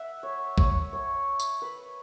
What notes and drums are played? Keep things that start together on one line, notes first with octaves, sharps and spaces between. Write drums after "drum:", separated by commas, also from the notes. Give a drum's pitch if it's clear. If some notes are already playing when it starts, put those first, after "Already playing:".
Already playing: E5 F#5
C#5
C#5, drum: kick A1
C#5
drum: tambourine
B4